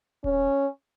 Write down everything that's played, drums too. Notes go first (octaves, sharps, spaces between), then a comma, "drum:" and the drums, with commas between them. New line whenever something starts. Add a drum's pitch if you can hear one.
C#4, drum: kick D#1